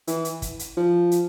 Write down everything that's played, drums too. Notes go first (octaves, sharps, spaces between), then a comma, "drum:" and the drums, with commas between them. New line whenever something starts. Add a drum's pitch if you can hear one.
E3, drum: hi-hat
drum: hi-hat
drum: kick, hi-hat
drum: hi-hat
F3
drum: hi-hat